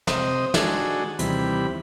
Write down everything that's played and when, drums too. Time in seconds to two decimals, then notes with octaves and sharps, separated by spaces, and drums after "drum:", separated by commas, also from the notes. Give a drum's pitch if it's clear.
0.07 C3 C5 D#5 D#6, drum: snare
0.54 D#3 G#3 D4 F#4 G#4 A4, drum: snare
1.19 D#2 C3 E3 G3 B5, drum: hi-hat